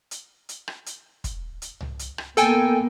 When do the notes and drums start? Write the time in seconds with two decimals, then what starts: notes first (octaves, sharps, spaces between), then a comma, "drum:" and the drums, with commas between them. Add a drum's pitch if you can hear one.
0.11 drum: hi-hat
0.49 drum: hi-hat
0.68 drum: rim click
0.86 drum: hi-hat
1.24 drum: kick, hi-hat
1.62 drum: hi-hat
1.81 drum: tom C2
1.99 drum: hi-hat
2.18 drum: rim click
2.37 A#3 B3 A4 G5 G#5, drum: hi-hat